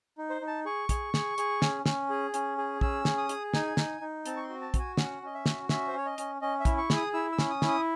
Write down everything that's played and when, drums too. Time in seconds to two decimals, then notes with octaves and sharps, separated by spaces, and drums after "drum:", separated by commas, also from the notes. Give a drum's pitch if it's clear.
0.18 D#4
0.30 C5
0.41 D#4
0.47 A5
0.65 G#4 C#6
0.89 G#4, drum: kick, hi-hat
1.14 G#4, drum: snare
1.38 G#4, drum: hi-hat
1.62 C#4, drum: snare
1.86 C#4, drum: snare
2.10 G#4
2.34 C#4, drum: hi-hat
2.58 G#4
2.81 C#4 E6, drum: kick
3.05 G#4, drum: snare
3.18 D#6
3.29 G#4, drum: hi-hat
3.54 D#4 G#5, drum: snare
3.77 D#4, drum: snare
4.01 D#4
4.26 C4 A5, drum: hi-hat
4.37 C#6
4.43 C6
4.49 F#4
4.61 A5
4.74 F#4, drum: kick, hi-hat
4.79 G#5
4.97 C#4 F#5, drum: snare
5.22 C#4 D#5
5.34 E5
5.46 F#4, drum: snare
5.69 C#4 E5, drum: snare
5.87 C5
5.94 C#4 C#5
6.06 D#5
6.18 C#4, drum: hi-hat
6.42 C#4 D#5
6.60 E5
6.65 E4, drum: kick, hi-hat
6.78 C#6
6.90 G#4, drum: snare
6.96 D#6
7.14 E4 E6
7.32 E6
7.39 C#4, drum: snare
7.50 D#6
7.62 E4, drum: snare
7.68 D#6